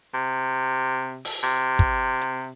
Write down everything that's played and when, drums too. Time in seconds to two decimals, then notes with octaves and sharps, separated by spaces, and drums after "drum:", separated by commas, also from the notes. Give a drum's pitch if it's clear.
0.14 C3
1.25 drum: open hi-hat
1.43 C3
1.79 drum: kick
2.21 drum: hi-hat